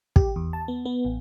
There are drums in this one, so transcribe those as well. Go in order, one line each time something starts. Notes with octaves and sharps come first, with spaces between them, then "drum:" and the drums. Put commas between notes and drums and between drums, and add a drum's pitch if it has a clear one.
G4, drum: kick
E2
A5
B3
B3
A1